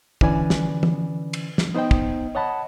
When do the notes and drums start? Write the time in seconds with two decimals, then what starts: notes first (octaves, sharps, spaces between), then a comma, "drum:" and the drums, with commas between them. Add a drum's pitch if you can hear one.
0.21 D3 E3 C#4 B4 D5 G#5, drum: kick
0.50 drum: snare
0.83 drum: tom
1.33 drum: cymbal
1.58 drum: snare
1.75 B3 D#4 C5 D#5 G5
1.91 drum: kick
2.35 C#5 D#5 F#5 A5 B5